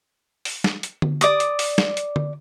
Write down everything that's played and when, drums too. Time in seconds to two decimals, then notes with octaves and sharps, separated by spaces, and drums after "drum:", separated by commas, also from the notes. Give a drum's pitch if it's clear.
0.45 drum: open hi-hat
0.64 drum: snare
0.83 drum: hi-hat
1.02 drum: tom D3
1.21 D5 D6 D#6, drum: hi-hat
1.40 drum: hi-hat
1.59 drum: open hi-hat
1.78 drum: snare
1.97 drum: hi-hat
2.16 drum: tom D3